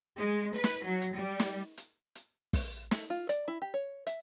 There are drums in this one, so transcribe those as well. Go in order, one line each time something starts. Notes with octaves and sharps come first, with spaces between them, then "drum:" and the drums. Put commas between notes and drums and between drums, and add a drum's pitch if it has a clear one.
G#3
B4
drum: snare
F#3
drum: hi-hat
G3
drum: snare
drum: hi-hat
drum: hi-hat
drum: kick, open hi-hat
A3, drum: snare
F4
D5, drum: hi-hat
E4
G4
C#5
E5, drum: hi-hat